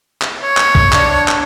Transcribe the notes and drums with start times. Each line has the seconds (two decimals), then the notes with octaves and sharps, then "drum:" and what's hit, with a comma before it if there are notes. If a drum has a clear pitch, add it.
0.22 drum: clap
0.43 C#5
0.57 drum: clap
0.75 drum: kick
0.93 D4, drum: clap
1.28 drum: clap